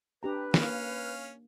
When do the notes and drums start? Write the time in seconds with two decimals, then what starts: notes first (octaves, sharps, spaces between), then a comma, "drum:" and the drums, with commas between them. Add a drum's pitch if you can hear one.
0.23 D4 G4 B4 A#5
0.54 A#3 C#4 F5, drum: snare